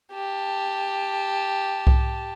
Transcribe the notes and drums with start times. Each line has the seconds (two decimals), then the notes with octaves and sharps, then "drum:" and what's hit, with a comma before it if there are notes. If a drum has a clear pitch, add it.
0.13 G4 A5
1.87 drum: kick C2